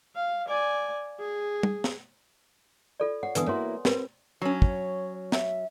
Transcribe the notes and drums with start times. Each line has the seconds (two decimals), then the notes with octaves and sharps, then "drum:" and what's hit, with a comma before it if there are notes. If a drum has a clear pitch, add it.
0.15 F5
0.48 D5 G#5
1.19 G#4
1.63 drum: tom
1.84 drum: snare
3.00 F4 A4 D5
3.23 C#5 F#5
3.35 D3 E3 B3 B4 G#5 D#6, drum: hi-hat
3.47 A#3 E4 F#4 C#5 C6
3.85 C4 F4 G4 A#4 B4, drum: snare
4.42 F#3 C#4 C#5
4.62 drum: kick
5.32 E5, drum: snare